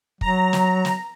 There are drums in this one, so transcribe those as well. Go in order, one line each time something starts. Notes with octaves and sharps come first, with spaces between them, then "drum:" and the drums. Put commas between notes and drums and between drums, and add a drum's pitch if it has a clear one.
F#3 A#5, drum: kick
drum: snare
drum: snare